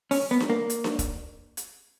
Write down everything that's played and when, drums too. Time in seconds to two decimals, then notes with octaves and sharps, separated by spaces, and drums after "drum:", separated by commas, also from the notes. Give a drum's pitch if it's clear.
0.11 C#4, drum: open hi-hat
0.31 B3
0.40 drum: snare D4
0.50 A#3
0.70 drum: hi-hat
0.84 drum: snare D4
0.99 drum: kick E1, hi-hat
1.57 drum: hi-hat